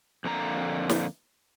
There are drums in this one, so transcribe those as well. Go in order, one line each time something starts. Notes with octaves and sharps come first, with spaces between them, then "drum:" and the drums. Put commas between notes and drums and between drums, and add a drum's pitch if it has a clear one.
F2 D3 A#3 A#5
drum: snare